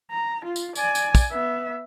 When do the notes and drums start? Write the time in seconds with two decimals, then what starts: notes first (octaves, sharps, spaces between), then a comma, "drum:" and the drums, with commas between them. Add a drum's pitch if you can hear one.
0.11 A#5
0.44 F4
0.56 drum: tambourine
0.75 D5 G#5, drum: tambourine
0.95 drum: tambourine
1.15 drum: kick, tambourine
1.31 B3 E5